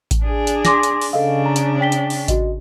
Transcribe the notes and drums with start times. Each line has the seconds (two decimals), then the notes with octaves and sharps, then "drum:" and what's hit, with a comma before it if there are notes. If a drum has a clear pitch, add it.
0.11 drum: kick A1, hi-hat
0.23 D4 G#4
0.47 drum: hi-hat
0.65 C6 D6 A#6, drum: snare
0.83 drum: hi-hat
1.01 drum: open hi-hat
1.13 C#3 D4 A4 D#5 F5
1.46 A#5
1.56 drum: hi-hat
1.81 G5 B6 G7
1.92 drum: hi-hat
2.10 drum: open hi-hat
2.28 F#4 D#5, drum: kick A1, hi-hat